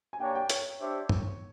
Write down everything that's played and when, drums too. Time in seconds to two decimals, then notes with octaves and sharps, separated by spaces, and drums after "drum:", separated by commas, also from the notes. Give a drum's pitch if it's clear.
0.13 G#5
0.20 A#3 D4 G4 A#4 C#5 G5
0.35 G5
0.50 C#5, drum: hi-hat
0.79 D4 G4 C5 E5
1.09 drum: tom